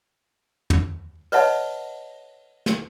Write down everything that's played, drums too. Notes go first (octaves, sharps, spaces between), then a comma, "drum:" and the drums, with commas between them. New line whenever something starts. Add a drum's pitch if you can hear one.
drum: tom
B4 C#5 D#5 E5 F#5 A5, drum: open hi-hat
drum: snare